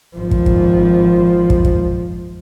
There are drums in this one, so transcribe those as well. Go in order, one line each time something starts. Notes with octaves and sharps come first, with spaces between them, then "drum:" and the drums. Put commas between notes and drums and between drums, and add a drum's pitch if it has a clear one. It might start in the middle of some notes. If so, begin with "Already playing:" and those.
G#1 F3
drum: kick
drum: kick
drum: kick
drum: kick